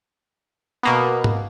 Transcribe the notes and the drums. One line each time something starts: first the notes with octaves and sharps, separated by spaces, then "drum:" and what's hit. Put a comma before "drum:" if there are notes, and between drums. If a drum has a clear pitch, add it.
B2 A#3 B3
drum: tom G#2